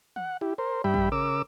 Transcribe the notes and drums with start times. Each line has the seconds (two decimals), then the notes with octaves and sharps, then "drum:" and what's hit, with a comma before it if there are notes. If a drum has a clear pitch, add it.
0.16 F#5, drum: tom
0.41 E4 G4
0.58 A#4 C5
0.84 G2 G3 E5 G5 B5
0.94 drum: kick
1.12 C#3 A#4 D6 E6